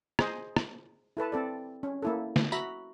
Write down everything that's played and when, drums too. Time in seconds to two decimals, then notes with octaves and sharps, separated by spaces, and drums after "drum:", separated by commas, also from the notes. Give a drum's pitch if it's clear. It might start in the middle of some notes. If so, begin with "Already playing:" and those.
0.19 G#4 C5 D#5, drum: rim click
0.56 drum: rim click
1.17 E4 A4 B4 A5
1.32 C4 A4 D5
1.83 C#4
2.02 A#3 E4 A4
2.36 drum: snare
2.52 F#4 E5 A#5 B5, drum: tambourine